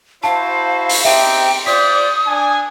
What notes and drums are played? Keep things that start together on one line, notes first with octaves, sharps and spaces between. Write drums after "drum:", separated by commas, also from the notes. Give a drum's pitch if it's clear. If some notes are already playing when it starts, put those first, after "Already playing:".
E4 F#4 C5 F5 A5
drum: open hi-hat
C4 D#4 G4 E5 G5
F4 C5 D5 D#6 B6
D4 G#5